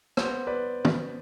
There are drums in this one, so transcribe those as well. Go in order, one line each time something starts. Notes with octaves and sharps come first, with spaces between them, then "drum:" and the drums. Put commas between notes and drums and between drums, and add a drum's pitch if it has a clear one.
B3 C5, drum: rim click
B4 D5
drum: tom